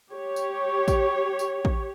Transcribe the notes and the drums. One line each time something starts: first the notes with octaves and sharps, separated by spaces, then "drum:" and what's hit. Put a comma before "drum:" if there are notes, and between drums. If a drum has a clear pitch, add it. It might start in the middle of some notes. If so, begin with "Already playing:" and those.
G4 C#5
drum: tambourine
drum: kick A1, tambourine
drum: tambourine
drum: kick A1